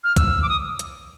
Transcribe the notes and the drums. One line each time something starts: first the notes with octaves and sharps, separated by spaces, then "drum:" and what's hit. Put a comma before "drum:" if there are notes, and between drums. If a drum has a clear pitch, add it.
F6
E6, drum: kick B1, hi-hat
D6
D#6
drum: hi-hat